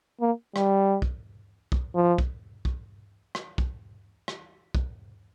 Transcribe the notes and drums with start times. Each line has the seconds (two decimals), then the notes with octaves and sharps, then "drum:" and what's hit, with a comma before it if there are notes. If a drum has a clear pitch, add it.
0.21 A#3
0.56 G3, drum: rim click
1.02 drum: kick
1.72 drum: kick
1.95 F3
2.18 drum: kick
2.65 drum: kick
3.35 drum: rim click
3.58 drum: kick
4.28 drum: rim click
4.75 drum: kick